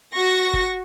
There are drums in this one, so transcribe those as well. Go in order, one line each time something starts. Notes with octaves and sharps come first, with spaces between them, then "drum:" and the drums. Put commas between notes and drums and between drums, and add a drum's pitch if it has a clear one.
F#4 C#6 A#6
drum: kick